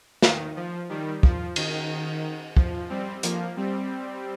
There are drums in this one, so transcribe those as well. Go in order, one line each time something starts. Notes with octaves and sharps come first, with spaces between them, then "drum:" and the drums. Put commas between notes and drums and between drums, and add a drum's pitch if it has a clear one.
D#3, drum: snare
F3
D#3 G3
F3, drum: kick
D#3, drum: cymbal
F3, drum: kick
G3 C4
F3 A#3, drum: hi-hat
G3 C4